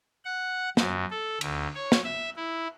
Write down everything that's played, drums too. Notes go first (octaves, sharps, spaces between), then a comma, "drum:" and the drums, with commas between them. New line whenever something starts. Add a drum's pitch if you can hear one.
F#5
F#2, drum: snare
A4
D2, drum: cymbal
C#5
drum: snare
E5
E4